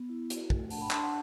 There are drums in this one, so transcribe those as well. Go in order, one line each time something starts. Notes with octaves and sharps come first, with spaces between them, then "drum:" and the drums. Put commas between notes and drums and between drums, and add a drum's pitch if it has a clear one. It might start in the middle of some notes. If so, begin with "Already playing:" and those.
Already playing: B3
E4
F#4, drum: hi-hat
A3, drum: kick
D4 F#5 A5, drum: open hi-hat
G5 B5
D4 A5 C6, drum: clap
F#5 A5